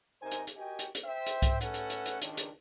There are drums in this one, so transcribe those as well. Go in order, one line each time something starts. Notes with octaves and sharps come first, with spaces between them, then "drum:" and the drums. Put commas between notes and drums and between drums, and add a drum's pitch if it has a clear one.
C3 D#4 A#4 C5 G#5
drum: hi-hat
drum: hi-hat
F#4 G4 A#4 D#5 G5 G#5
drum: hi-hat
drum: hi-hat
C5 E5 G5
drum: hi-hat
drum: kick C2, hi-hat
A3 C#4 A4 B4 F#5, drum: hi-hat
drum: hi-hat
drum: hi-hat
drum: hi-hat
C#2 D#3 D4, drum: hi-hat
drum: hi-hat